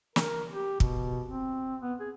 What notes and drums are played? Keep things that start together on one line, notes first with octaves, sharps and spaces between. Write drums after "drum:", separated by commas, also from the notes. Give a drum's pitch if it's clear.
A#4, drum: snare
G4
B2, drum: kick
C4
B3
G#4